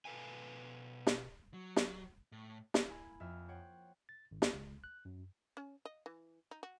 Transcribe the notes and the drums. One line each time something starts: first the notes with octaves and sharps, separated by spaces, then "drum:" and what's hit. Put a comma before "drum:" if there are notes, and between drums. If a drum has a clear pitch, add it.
B2 A4 B4 F5 G#5
drum: snare
F#3
drum: snare
A2
drum: snare
A#3 E4 G#5 B5
F2 E5 F6
C5 C#5 F#5 G5
A6
G#1
drum: snare
C#2
F#6
F#2
C#4
D#5
E3
D#4
F#4